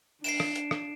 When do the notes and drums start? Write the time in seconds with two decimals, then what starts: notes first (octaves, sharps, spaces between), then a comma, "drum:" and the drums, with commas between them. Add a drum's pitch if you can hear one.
0.24 D4 C7 D7 E7, drum: open hi-hat
0.40 drum: rim click
0.56 drum: hi-hat
0.71 drum: rim click